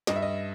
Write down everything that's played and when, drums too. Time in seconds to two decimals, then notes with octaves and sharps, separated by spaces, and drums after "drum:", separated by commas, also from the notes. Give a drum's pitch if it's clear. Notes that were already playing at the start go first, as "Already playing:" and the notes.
0.07 G2 D#5, drum: snare
0.16 E5
0.22 D#5